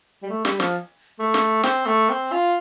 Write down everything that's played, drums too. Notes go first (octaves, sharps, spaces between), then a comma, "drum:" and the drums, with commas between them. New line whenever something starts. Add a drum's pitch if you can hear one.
G3
A3
G3, drum: snare
F3, drum: snare
A3
drum: snare
C4, drum: snare
A3
C4
F4